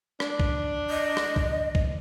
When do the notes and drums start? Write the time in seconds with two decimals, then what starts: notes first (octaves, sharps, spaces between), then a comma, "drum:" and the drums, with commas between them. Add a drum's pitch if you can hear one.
0.20 D4, drum: rim click
0.40 drum: kick
0.90 D#5
1.17 drum: rim click
1.36 drum: kick
1.75 drum: kick